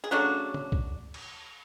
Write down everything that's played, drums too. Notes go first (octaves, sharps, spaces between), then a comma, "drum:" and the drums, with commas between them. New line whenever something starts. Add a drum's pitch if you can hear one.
G#4
C#3 F#3 A3 D4 F#4
drum: tom
drum: kick
drum: cymbal